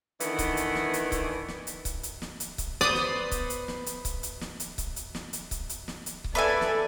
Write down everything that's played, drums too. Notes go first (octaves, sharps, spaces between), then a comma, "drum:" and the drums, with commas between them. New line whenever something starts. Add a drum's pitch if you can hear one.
D#3 E3 A3 B3 D4, drum: hi-hat
drum: kick C#1, hi-hat
drum: hi-hat
drum: snare
drum: hi-hat
drum: kick C#1, hi-hat
drum: snare
drum: hi-hat
drum: kick C#1, hi-hat
drum: hi-hat
drum: snare
drum: hi-hat
drum: kick C#1, hi-hat
B3 B4 C5 D5 D#6
drum: snare
drum: kick C#1, hi-hat
drum: hi-hat
drum: snare
drum: hi-hat
drum: kick C#1, hi-hat
drum: hi-hat
drum: snare
drum: hi-hat
drum: kick C#1, hi-hat
drum: hi-hat
drum: snare
drum: hi-hat
drum: kick C#1, hi-hat
drum: hi-hat
drum: snare
drum: hi-hat
drum: kick C#1
A4 B4 D5 E5 G#5
drum: snare